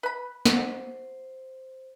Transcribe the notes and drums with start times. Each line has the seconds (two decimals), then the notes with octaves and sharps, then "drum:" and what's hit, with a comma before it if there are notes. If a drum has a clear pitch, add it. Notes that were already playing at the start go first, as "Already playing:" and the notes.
0.03 B4 B5
0.46 F#4 C5, drum: snare